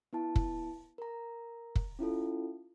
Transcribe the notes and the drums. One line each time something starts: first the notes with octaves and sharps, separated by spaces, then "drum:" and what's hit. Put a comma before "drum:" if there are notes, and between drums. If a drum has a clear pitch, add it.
B3 E4 A5
drum: kick
A#4 A#5
drum: kick
C#4 E4 F4 A4